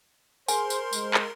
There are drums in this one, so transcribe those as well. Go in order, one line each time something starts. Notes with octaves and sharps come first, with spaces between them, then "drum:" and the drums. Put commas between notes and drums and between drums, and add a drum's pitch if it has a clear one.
G#4 A#4 C5 G#5 C6, drum: tambourine
drum: tambourine
G#3, drum: tambourine
drum: clap